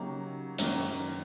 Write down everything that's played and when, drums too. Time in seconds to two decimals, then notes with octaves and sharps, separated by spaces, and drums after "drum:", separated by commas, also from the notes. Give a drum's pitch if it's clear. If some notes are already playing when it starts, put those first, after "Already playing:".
Already playing: C#3 F#3 A#3 D#4 G4
0.58 F#2 D#3 F#3 A#3, drum: hi-hat